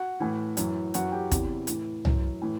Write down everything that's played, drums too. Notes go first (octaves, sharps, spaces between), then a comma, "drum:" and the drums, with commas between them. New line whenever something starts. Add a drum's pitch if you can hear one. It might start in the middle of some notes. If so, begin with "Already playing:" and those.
Already playing: F#4 F#5
A2 E3
F#2 E3, drum: hi-hat
F#2 E3 F#4 F#5, drum: hi-hat
G4 G5
E2 C3 E3, drum: kick, hi-hat
A2 E3, drum: hi-hat
F#2 E3, drum: tom
A2 E3